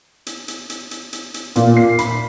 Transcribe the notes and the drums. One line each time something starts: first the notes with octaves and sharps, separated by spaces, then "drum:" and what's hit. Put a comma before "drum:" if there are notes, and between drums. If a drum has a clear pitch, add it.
drum: hi-hat
drum: hi-hat
drum: hi-hat
drum: hi-hat
drum: hi-hat
drum: hi-hat
A#2, drum: hi-hat
C7
B5, drum: hi-hat